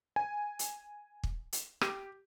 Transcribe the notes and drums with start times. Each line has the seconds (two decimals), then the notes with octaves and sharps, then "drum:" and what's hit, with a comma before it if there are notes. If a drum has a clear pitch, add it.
0.16 G#5
0.59 drum: hi-hat
1.24 drum: kick
1.53 drum: hi-hat
1.81 G4, drum: rim click